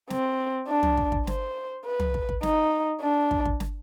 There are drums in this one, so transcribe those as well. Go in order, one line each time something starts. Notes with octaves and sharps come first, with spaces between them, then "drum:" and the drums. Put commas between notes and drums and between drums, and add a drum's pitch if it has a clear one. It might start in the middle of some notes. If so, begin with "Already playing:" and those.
C4, drum: snare
D4
drum: tom
drum: kick
drum: kick
C5, drum: snare
B4
drum: tom
drum: kick
drum: kick
D#4, drum: snare
D4
drum: kick
drum: kick
drum: snare